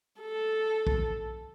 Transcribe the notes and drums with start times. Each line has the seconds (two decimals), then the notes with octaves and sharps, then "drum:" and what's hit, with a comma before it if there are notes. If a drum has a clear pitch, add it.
0.21 A4
0.87 drum: kick